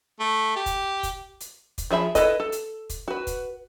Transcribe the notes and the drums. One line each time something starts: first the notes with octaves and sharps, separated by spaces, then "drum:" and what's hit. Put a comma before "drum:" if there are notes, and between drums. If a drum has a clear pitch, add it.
A3
G4
drum: kick, hi-hat
drum: kick, hi-hat
drum: hi-hat
drum: kick, hi-hat
F3 G#4 E5 B5
E4 F4 A4 B4 D#5, drum: kick, hi-hat
A4
drum: hi-hat
drum: kick, hi-hat
F#4 B4
drum: kick, hi-hat